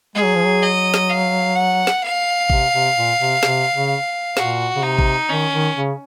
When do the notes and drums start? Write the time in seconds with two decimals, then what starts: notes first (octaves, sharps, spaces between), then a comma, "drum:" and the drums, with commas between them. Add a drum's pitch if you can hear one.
0.15 G#3 G#4
0.25 F#3
0.35 F3
0.44 F#3
0.62 D#5
0.94 drum: snare
1.09 F5
1.56 F#5
1.87 drum: snare
2.02 F5
2.50 C3, drum: kick G#1
2.73 C3
2.96 A#2
3.20 C3
3.43 C3, drum: snare
3.74 C#3
4.37 A#2 F#4, drum: snare
4.76 C#3
4.83 C3 D#4
4.99 drum: kick G#1
5.29 D#3 C#4
5.53 D#3
5.76 C#3